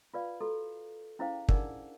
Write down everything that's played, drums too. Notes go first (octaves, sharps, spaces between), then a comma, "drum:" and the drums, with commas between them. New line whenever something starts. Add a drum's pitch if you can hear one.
F4 B4 D5 F5
F#4 A4 A#5
C#4 E4 G#4 C5 F5 G5
D4 D#4 G#4 A#4 D5 F#5, drum: kick